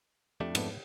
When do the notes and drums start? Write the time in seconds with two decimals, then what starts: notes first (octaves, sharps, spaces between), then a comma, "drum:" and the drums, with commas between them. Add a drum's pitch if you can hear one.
0.41 F2 A3 D4 G4
0.55 G#2 B3, drum: cymbal